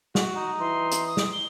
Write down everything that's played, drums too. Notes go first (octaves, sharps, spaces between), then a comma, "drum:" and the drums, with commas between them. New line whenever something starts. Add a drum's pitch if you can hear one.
F#4, drum: snare
D#4
E3 C6
drum: hi-hat
D#6
drum: snare
G7